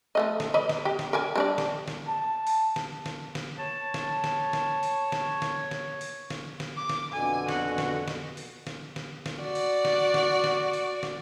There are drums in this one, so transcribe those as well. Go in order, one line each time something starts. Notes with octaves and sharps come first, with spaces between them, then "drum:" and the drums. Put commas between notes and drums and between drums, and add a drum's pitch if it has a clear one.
F3 A3 D#5
drum: snare
B4 D5 D#5
drum: snare
G4
drum: snare
A#4 D5 G#5
G3 D4 D5
drum: snare
drum: snare
A5
drum: open hi-hat
drum: snare
drum: snare
drum: snare
C#5 A5
drum: snare
drum: snare
drum: snare
drum: open hi-hat
drum: snare
drum: snare
drum: snare
drum: open hi-hat
drum: snare
drum: snare
D6
drum: snare
F2 B2 D3 G#5
F#4, drum: snare
drum: snare
drum: snare
drum: open hi-hat
drum: snare
drum: snare
drum: snare
F#4 D5
drum: open hi-hat
drum: snare
drum: snare
drum: snare
drum: open hi-hat
drum: snare